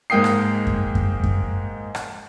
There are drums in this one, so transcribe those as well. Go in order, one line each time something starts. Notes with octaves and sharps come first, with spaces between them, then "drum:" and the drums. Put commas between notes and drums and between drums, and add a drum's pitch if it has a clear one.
G#2 G#3 A#3 G5 D#6 C7
drum: rim click
drum: kick F#2
drum: kick F#2
drum: kick F#2
drum: rim click